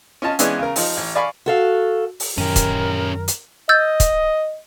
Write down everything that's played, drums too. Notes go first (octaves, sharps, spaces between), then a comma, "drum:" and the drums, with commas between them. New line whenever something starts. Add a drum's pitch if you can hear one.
C#4 F4 D#5 A5
E3 G#3 B3 C#4 D4, drum: hi-hat
C#3 A#4
F3 D#4, drum: open hi-hat
A1
D5 F5 G#5 B5 C#6
F#4 A4 F5
drum: open hi-hat
F#2 D#3 C#4 G4 A#4
drum: kick, hi-hat
drum: hi-hat
D#5 E6 G6 A6
drum: kick, hi-hat